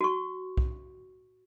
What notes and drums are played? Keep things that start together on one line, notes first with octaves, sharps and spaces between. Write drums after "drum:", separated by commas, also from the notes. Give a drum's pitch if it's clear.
F#4 C#6
drum: kick B1